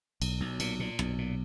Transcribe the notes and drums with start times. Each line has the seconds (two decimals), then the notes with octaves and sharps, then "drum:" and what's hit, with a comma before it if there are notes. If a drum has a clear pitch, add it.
0.22 B1, drum: cymbal
0.40 B1
0.60 A#2, drum: cymbal
0.80 A#2
0.99 B1, drum: rim click
1.18 A#2